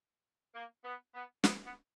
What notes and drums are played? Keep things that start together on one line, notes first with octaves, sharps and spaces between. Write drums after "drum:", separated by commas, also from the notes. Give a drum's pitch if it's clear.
A#3
B3
B3
B3, drum: snare
B3